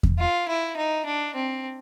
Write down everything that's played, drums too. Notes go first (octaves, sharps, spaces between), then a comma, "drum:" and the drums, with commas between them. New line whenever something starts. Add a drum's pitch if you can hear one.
drum: kick E2
F4
E4
D#4
D4
C4